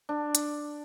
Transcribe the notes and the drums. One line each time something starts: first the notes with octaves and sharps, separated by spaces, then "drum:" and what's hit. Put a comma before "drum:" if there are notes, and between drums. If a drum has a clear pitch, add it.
D4
drum: hi-hat